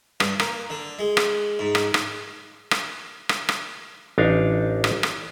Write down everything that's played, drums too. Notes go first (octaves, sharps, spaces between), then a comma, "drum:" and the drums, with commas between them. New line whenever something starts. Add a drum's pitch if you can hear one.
G2, drum: rim click
A#3, drum: rim click
D3
G#3
drum: rim click
G#2
drum: rim click
drum: rim click
drum: rim click
drum: rim click
drum: rim click
A1 D4 D#4 F5
drum: rim click
drum: rim click